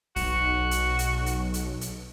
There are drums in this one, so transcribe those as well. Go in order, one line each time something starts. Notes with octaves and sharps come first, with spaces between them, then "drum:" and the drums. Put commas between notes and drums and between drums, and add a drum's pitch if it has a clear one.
B1 F#4, drum: kick, open hi-hat
drum: hi-hat
drum: hi-hat
drum: hi-hat
drum: hi-hat
drum: hi-hat